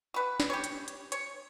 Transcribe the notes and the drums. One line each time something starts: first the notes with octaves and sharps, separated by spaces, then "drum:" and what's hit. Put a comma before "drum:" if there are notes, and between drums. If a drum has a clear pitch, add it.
F#4 B4
drum: snare
G4 C#5
drum: hi-hat
drum: hi-hat
C#5, drum: hi-hat